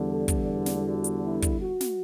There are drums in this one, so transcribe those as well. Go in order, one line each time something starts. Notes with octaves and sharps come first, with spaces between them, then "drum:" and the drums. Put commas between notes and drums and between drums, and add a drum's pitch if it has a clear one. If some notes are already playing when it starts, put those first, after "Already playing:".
Already playing: E2 D3 G3
A4
drum: kick, hi-hat
drum: snare
F#4
drum: hi-hat
E4
drum: kick, hi-hat
F#4
drum: snare